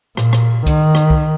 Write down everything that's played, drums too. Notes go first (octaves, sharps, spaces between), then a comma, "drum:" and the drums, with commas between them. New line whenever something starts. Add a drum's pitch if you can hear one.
A#2, drum: rim click
drum: rim click
D#3, drum: kick C2, hi-hat
drum: rim click
drum: kick C2